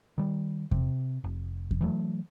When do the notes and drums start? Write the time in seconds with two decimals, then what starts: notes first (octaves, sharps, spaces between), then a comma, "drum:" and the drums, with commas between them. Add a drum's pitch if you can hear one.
0.18 D#3 G3
0.71 C3, drum: kick E2
1.24 F1
1.71 drum: kick E2
1.81 E3 F#3 A3